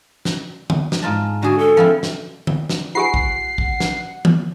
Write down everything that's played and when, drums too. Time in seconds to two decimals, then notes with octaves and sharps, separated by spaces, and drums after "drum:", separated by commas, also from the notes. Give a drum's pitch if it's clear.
0.25 drum: snare
0.70 drum: tom D3
0.92 drum: snare
1.02 G#2 F4 A5
1.43 D3 F#4 G#4
1.59 A4
1.77 F3 C4 E4
2.03 drum: snare
2.47 drum: tom D3
2.69 drum: snare
2.95 F4 G4 F#5 G#5 C7
3.14 drum: kick
3.58 drum: kick
3.80 drum: snare
4.25 drum: tom D#3